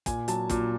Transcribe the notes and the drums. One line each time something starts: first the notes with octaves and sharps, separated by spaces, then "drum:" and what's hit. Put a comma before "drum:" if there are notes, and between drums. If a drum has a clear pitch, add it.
A#2 G#5, drum: kick, hi-hat
F#3 A5, drum: hi-hat
A#2, drum: kick, hi-hat